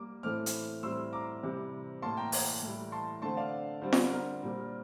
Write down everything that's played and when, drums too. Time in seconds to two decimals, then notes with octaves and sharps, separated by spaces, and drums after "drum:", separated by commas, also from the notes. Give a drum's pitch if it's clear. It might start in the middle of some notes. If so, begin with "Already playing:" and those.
Already playing: G3 A#3 D6
0.23 A2 E3 A3 C4 D6 F6
0.46 drum: hi-hat
0.83 A2 G3 C4 C6 E6
1.12 A#5 D6
1.43 C3 E3 G3
2.02 A2 E3 A#3 A5 C6
2.17 G5 A#5
2.32 G5 A#5, drum: open hi-hat
2.63 A2 E3 G3
2.92 A5 C6
3.22 D3 A3 C4 A5 C6
3.37 D5 F5
3.82 D3 G3 C4 C5
3.93 drum: snare F4
4.12 A#4
4.42 A#2 G3 C4